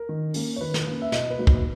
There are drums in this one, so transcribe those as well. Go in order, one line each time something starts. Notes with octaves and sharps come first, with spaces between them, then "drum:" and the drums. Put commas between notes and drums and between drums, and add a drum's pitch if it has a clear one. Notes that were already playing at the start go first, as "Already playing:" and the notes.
Already playing: A#4
D#3
A#3 C#4, drum: open hi-hat
C#5
D#3 B4
drum: snare
A#3 C#4
E5
B2 D#5, drum: snare
B4
F#3 A#3 D#4
B4, drum: kick